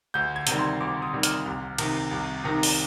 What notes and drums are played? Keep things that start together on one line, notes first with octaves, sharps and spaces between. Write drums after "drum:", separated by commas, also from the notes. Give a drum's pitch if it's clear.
D2 G6
G#6
C3 D#3 G3, drum: hi-hat
C6
D2 D6
D#6
C3 D#3 G3
F6, drum: hi-hat
C2
C3 D#3, drum: cymbal
C2
C3 D#3
drum: open hi-hat